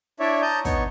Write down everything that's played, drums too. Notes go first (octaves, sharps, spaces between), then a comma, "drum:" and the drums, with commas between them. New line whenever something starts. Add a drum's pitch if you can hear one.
D4 E4 C#5 D5 E5
A5 A#5 D#6 G6
B3 D#4 C#5 C#6, drum: kick, hi-hat